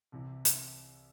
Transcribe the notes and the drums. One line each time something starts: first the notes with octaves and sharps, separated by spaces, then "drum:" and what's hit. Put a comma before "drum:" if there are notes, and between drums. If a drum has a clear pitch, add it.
C2 C3 E3
drum: hi-hat